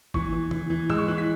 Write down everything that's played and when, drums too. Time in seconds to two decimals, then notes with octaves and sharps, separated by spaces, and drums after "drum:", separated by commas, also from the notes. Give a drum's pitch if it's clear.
0.14 E3 C#6, drum: kick G#1
0.32 E3
0.51 E3, drum: tom
0.70 E3
0.90 G#3 E6, drum: tom
0.98 C#6
1.08 E3 F#6
1.18 B6